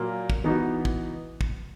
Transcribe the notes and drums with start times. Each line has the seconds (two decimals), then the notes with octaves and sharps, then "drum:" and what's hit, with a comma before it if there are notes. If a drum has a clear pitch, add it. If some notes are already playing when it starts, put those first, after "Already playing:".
Already playing: A#2 F#3 A#3
0.30 drum: kick
0.44 E3 B3 D#4 F#4
0.85 drum: kick
1.41 drum: kick